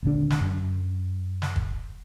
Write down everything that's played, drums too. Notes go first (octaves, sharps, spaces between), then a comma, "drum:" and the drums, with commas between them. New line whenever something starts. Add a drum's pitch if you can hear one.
D#1 G#1 D3 D4
drum: snare
F#2
drum: snare
drum: kick